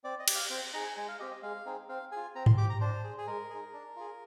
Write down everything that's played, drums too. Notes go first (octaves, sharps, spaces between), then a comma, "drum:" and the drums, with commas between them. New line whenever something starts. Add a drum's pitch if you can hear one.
C4 D5
D#5
G4, drum: cymbal
F5
C4 G5
D#4 G#4 A#5
G#5
G#3 G#5
F5
C4 G4 D#5
D#5
G#3 F5
C4 D#4 G#4
C4 F5
F4 G#4 G#5
C4 A#5
C6, drum: tom G#2
G4 D6
A#5
D4 C5
G#4
G#4
G#3 A#4
D#4 G#4
D4
F4 G#4